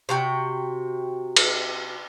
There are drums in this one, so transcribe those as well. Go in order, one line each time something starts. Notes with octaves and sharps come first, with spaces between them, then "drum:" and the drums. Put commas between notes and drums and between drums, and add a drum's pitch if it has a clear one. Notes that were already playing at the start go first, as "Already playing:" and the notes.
C3 F#4 G5
drum: cymbal